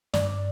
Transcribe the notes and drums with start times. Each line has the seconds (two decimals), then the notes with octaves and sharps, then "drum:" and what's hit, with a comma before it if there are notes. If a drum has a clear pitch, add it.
0.14 G2 D5, drum: snare